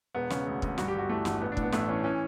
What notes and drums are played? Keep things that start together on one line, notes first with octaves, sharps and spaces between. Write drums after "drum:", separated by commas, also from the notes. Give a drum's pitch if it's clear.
E1 B3
C#3 C#4, drum: snare
D2
D2, drum: kick
G2 F#4, drum: snare
G4
G1 F#4
E3 A3
G1, drum: snare
A1 B3
D4
A2, drum: kick
B3
A1 A3, drum: snare
E3 C#4
E3 C#4